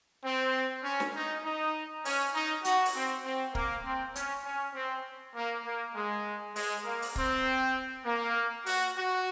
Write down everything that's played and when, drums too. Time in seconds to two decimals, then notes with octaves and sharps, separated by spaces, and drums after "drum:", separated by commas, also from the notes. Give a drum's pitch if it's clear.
0.24 C4
0.84 C#4
1.00 drum: snare
1.15 D#4
1.45 D#4
2.05 C#4, drum: open hi-hat
2.34 D#4
2.64 F#4, drum: hi-hat
2.85 drum: open hi-hat
2.95 C4
3.25 C4
3.55 A#3, drum: kick
3.84 C4
4.15 C#4, drum: hi-hat
4.46 C#4
4.75 C4
5.36 A#3
5.66 A#3
5.96 G#3
6.56 G#3, drum: open hi-hat
6.85 A#3
7.02 drum: open hi-hat
7.16 C4, drum: kick
8.06 A#3
8.66 F#4, drum: open hi-hat
8.97 F#4